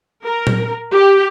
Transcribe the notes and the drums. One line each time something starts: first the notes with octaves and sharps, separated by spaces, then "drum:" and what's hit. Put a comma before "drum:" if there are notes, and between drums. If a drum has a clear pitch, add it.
A#4
drum: tom A#2
G4